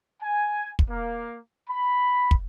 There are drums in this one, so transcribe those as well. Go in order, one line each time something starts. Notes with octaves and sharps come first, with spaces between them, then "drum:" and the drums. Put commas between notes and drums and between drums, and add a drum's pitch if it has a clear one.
G#5
drum: kick
A#3
B5
drum: kick